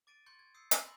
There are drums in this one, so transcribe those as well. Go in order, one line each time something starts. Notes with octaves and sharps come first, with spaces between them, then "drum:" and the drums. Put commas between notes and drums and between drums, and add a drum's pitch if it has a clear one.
D6 A6 D7 D#7
C6 C#6 G6 A6 C#7
G#6
D#6 E6 G6 C7 C#7
G#5 D6 E6 A#6, drum: hi-hat
B5 C6 D6 G6